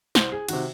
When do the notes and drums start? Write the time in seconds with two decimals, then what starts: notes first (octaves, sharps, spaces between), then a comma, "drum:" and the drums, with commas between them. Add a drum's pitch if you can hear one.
0.15 C2 C5, drum: snare
0.32 G#4
0.49 C3 D#3 F#4, drum: cymbal